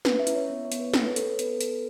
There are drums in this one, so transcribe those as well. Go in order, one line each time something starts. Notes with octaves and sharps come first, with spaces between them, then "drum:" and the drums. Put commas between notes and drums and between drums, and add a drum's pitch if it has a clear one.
C#4 B4, drum: snare
E5
E4, drum: hi-hat
C#5
B3 E5
C#5
B3, drum: hi-hat
B4
A4 C#5, drum: snare
B4
A4, drum: hi-hat
A4
B3 B4, drum: hi-hat
A4, drum: hi-hat